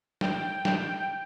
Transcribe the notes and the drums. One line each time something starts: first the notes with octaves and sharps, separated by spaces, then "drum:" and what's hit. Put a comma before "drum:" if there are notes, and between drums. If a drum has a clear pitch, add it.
G5, drum: snare
drum: snare